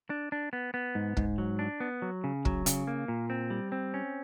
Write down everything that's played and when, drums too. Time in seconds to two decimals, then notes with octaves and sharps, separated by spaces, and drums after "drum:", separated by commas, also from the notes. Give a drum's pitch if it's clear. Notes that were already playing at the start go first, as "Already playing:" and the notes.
0.10 D4
0.32 D4
0.53 B3
0.74 B3
0.95 G#2
1.17 G#2, drum: kick
1.38 F#3
1.59 D4
1.80 B3
2.02 F#3
2.24 C#3
2.45 F#3, drum: kick
2.66 C#3, drum: hi-hat
2.87 A#3
3.08 A#2
3.30 C4
3.50 G3
3.72 C4
3.94 C#4